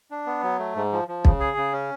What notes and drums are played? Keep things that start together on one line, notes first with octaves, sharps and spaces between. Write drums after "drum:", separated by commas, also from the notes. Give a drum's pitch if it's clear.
D4
B3
F#3
A3
G#2
F3
F3
C#3, drum: kick
G#4
C#3
C#4